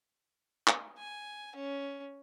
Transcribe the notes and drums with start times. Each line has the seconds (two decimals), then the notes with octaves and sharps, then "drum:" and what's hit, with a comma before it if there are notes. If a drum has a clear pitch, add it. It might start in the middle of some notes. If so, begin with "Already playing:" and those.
0.68 drum: clap
0.98 G#5
1.56 C#4